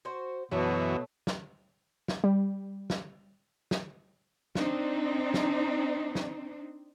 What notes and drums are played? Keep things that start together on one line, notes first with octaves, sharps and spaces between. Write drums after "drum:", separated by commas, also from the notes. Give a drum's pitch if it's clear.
F#4 C5
F#2 B2 E3 F#3 A3
drum: snare
drum: snare
G3
drum: snare
drum: snare
C4 D4 D#4, drum: snare
drum: snare
drum: snare